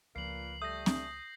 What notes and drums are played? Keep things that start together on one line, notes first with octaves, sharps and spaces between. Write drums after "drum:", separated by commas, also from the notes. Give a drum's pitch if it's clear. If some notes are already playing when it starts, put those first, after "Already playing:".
C#2 A#2 F3 A#3 B4 C7 F#7
G3 A3 D#6 G6 A#6
drum: snare C4